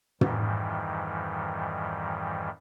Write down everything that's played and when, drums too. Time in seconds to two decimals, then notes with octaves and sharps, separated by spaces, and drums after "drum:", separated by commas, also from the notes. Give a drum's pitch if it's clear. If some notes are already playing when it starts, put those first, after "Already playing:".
0.21 F2 G#2 D#3 E3 G3, drum: tom